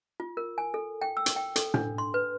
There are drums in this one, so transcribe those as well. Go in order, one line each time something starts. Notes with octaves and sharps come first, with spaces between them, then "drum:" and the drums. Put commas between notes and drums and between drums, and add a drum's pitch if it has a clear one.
F4
A#4
G#5
A4
G5
E6
drum: hi-hat
G5
A4, drum: hi-hat
D4, drum: tom A2
C6
B4